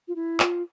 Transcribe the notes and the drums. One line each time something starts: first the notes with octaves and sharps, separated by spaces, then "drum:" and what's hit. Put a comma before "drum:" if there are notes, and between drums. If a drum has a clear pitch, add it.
F4
E4
F4, drum: clap